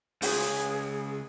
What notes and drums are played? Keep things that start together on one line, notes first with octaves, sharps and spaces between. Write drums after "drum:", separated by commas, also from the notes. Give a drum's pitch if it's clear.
C#2 G#4, drum: open hi-hat